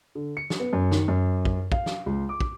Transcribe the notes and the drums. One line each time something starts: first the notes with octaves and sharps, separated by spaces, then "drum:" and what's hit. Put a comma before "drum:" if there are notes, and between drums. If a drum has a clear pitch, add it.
D3
C#7
drum: snare
B3
F#2
D#3, drum: snare
F#2
drum: kick
F5, drum: kick
drum: snare
C#2
D6
drum: kick